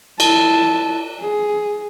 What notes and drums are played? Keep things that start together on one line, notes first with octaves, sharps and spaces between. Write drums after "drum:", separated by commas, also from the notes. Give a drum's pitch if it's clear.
E4 A5, drum: cymbal
G#4